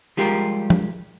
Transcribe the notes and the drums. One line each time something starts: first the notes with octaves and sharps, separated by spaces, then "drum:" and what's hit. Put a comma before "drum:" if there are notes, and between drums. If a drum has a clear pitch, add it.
F3 G3 G#3 F4 G4 A#4
drum: tom